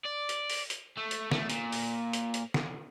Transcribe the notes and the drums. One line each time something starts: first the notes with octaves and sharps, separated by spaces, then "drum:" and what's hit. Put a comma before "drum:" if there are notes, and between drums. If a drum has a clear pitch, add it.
D5
drum: hi-hat
drum: open hi-hat
drum: hi-hat
A3
drum: hi-hat
A3, drum: snare
A#2, drum: hi-hat
drum: open hi-hat
drum: hi-hat
drum: hi-hat
drum: snare